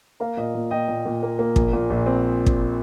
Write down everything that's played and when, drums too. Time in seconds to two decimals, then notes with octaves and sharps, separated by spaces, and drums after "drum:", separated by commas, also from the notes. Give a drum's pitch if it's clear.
0.20 A#3 F5 A#5
0.37 A#2 D#5
0.55 A#2
0.71 A#2 D#5 G5
0.88 A#2
1.05 A#2
1.23 A#3
1.39 A#3
1.56 A#1, drum: kick
1.73 A#2
1.90 A#1
2.06 C4
2.46 drum: kick